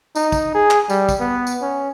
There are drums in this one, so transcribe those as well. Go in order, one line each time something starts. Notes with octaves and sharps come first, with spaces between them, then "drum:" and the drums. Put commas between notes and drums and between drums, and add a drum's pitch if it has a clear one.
D#4, drum: tambourine
drum: kick, tambourine
G#4
drum: clap
G3, drum: tambourine
drum: kick, tambourine
B3
drum: tambourine
C#4